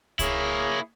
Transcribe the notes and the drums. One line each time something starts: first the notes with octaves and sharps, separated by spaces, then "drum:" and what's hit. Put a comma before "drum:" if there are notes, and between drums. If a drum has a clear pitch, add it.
A#3 E4 G#4 C#5, drum: kick C2, hi-hat